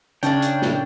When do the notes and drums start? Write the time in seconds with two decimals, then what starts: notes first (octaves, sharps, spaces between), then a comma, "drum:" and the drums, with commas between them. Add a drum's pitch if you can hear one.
0.23 C#3 C#4 D4 G5 A5, drum: hi-hat
0.42 drum: hi-hat
0.62 drum: snare